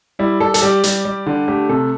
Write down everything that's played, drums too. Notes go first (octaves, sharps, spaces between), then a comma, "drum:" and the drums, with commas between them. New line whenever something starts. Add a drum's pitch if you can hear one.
G3 E4
G3 A4
A4, drum: hi-hat
G3 G4
G3, drum: hi-hat
G3
D3
A3 G4
C3 A4